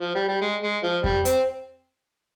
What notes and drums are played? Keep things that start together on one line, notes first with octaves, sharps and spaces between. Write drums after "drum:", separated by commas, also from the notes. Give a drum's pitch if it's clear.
F3
G3
G3
G#3
G#3
F3
G3, drum: kick F2
C4, drum: hi-hat